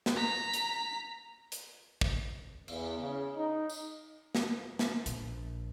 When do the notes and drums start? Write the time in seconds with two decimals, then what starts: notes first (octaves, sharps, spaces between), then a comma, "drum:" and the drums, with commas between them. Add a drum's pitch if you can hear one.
0.06 drum: snare
0.15 A#5 B6
0.54 drum: hi-hat
1.52 drum: hi-hat
2.01 drum: kick
2.68 E2, drum: cymbal
2.99 C#3
3.35 D#4
3.70 drum: tambourine
4.35 drum: snare
4.79 drum: snare
5.06 A#1, drum: hi-hat